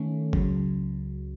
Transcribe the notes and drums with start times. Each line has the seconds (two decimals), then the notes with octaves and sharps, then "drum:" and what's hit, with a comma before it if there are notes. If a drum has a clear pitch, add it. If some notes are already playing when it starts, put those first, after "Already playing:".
Already playing: D#3 A3 C#4
0.33 C#2 C#3 F#3, drum: kick F#1